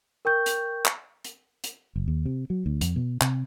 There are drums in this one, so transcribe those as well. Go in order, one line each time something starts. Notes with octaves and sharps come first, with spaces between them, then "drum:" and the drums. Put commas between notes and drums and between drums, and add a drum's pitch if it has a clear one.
A#4 G5 C#6 G6
drum: hi-hat
drum: clap
drum: hi-hat
drum: hi-hat
F#1
D#2
C3
F#3
D2
F2, drum: hi-hat
B2
C3, drum: clap